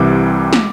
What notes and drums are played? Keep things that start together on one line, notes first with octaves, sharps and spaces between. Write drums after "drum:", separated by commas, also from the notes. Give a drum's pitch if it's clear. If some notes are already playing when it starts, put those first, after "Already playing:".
Already playing: C2 C3 E3 G3 D6
drum: snare